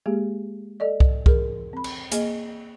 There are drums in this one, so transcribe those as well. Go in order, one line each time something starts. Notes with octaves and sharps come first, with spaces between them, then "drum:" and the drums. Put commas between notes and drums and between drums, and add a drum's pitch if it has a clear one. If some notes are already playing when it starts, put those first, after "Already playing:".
G#3 A#3 G4 G#4
A4 D5 D#5
drum: kick C2
G#4 A#4, drum: kick C2
C4 B5
drum: cymbal
A#3 G#4 D#5, drum: hi-hat